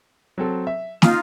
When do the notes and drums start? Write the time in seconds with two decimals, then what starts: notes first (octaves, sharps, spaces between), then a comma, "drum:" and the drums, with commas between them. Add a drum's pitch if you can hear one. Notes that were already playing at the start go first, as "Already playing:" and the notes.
0.38 F#3 C4 A4
0.67 E5
1.02 D#4 F4 D#6 F6, drum: snare